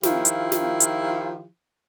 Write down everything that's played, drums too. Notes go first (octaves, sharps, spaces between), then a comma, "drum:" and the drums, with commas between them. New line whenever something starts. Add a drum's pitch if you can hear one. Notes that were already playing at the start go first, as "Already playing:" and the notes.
D#3 F3 E4 F4 G4, drum: snare
drum: hi-hat
drum: snare
drum: hi-hat